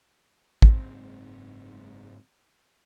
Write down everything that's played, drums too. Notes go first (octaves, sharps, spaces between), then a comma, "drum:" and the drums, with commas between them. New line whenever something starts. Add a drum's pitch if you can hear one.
F#1 G#2 C4, drum: kick